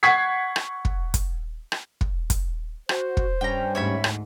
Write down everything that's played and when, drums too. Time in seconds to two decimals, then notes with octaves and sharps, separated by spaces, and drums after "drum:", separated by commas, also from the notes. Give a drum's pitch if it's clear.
0.03 F#5 C#6 G#6 B6 C7
0.56 drum: rim click
0.85 drum: kick
1.14 drum: kick, hi-hat
1.72 drum: rim click
2.01 drum: kick
2.30 drum: kick, hi-hat
2.89 F#4 C5, drum: rim click
3.17 drum: kick
3.41 G2 G3 C#4 G5 A#5
3.75 D2 G#2 C#5 E5 B5
4.04 drum: rim click